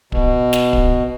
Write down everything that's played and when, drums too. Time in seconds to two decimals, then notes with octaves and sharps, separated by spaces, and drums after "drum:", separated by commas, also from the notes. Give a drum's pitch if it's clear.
0.12 B2, drum: kick
0.53 drum: snare
0.73 drum: kick